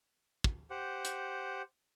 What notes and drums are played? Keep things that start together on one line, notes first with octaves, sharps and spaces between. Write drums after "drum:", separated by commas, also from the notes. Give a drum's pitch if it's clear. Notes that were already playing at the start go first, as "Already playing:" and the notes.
drum: kick
G4 C5 F#5
drum: hi-hat